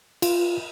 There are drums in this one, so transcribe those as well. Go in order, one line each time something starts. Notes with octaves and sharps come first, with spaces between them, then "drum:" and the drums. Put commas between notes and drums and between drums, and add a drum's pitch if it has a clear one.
F4, drum: cymbal